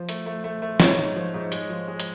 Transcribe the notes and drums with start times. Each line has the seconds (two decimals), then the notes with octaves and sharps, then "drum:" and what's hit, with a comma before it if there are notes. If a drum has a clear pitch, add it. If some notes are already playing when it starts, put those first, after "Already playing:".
Already playing: F3
0.09 A3, drum: hi-hat
0.26 A3
0.44 A3
0.62 A3
0.80 G#2 C#5, drum: snare
0.98 G#2
1.16 F3
1.34 G#2
1.52 G#3, drum: hi-hat
1.70 F3
1.88 G#3
2.00 drum: hi-hat